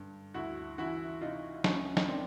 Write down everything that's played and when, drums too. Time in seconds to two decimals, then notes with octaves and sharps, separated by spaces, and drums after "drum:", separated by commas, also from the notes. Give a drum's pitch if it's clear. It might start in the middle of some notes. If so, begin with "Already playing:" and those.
Already playing: G2 D3
0.34 D2 E4 F#4
0.78 E3 E4 F#4
1.21 C3 D#4 F4
1.64 D2 C#4 D#4, drum: snare
1.97 D#4, drum: snare
2.08 D#3 C4 D4